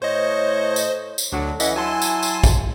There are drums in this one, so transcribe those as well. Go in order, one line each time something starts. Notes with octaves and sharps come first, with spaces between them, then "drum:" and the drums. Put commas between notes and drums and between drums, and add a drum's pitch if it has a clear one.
A2 C5 C#5 D#5
drum: tambourine
drum: tambourine
D2 D3 F#3 D4
E3 C#4 D#5 E5 F#5, drum: tambourine
F#3 E4 G#5 A5 C6
drum: tambourine
drum: tambourine
drum: kick A#1, tambourine